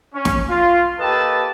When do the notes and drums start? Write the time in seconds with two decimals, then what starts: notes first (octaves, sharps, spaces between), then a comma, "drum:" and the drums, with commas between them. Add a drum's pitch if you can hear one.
0.14 C#4
0.25 drum: snare
0.49 F4
1.00 A#3 G4 A4 B4 D#5 A5